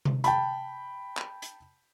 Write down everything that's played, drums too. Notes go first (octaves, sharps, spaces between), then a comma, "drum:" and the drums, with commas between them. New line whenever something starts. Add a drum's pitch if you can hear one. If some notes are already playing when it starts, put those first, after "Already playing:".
drum: tom C3
G5 A5 B5, drum: hi-hat
drum: clap
drum: hi-hat